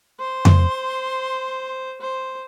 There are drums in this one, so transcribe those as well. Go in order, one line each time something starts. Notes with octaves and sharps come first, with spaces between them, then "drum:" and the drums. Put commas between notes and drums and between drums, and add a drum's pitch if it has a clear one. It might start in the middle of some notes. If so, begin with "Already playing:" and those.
C5 C6
drum: tom F2
C5